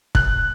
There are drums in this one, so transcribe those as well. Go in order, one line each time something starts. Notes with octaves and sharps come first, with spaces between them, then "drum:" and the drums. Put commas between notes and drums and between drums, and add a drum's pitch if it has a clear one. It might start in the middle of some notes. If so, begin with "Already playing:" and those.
F#6, drum: kick